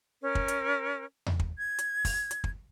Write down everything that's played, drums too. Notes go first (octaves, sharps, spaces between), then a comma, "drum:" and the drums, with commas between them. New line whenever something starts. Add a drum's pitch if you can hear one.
C#4 A#4
drum: kick
drum: hi-hat
drum: tom E2
drum: kick
G#6
drum: hi-hat
drum: kick, open hi-hat
drum: hi-hat
drum: kick